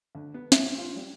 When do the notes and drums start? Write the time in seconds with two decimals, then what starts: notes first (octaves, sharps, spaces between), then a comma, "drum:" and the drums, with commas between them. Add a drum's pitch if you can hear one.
0.15 D2
0.34 B3
0.52 E5, drum: snare
0.78 F4
0.96 G3